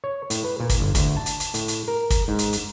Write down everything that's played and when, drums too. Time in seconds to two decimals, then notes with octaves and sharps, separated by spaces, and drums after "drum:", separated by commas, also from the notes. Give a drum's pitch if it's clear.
0.04 C#5
0.30 A2, drum: hi-hat
0.44 B4
0.60 A#2
0.69 drum: kick, hi-hat
0.80 G1
0.95 D2, drum: kick, hi-hat
1.17 A5
1.26 drum: hi-hat
1.40 drum: hi-hat
1.54 A2, drum: hi-hat
1.68 drum: hi-hat
1.88 A#4
2.10 drum: kick, hi-hat
2.28 G#2
2.39 drum: hi-hat
2.53 drum: hi-hat